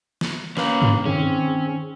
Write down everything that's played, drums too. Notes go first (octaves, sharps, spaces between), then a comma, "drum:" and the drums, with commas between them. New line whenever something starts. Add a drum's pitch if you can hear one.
drum: snare
A#3 C#4 B4, drum: snare
drum: tom G2
D#3 C4 C#4 G#4